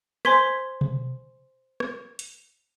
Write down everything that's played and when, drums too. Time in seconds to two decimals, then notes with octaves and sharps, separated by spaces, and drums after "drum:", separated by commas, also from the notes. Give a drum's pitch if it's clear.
0.25 C5 G#5 C6 G#6 B6, drum: rim click
0.81 drum: tom B2
1.80 drum: rim click
2.19 drum: hi-hat